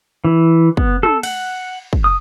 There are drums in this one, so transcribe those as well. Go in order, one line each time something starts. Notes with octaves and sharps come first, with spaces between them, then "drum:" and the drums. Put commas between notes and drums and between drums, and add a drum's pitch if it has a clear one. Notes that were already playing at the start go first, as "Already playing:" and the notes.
E3
B3, drum: kick
A4, drum: tom
F#5, drum: cymbal
drum: kick
D#6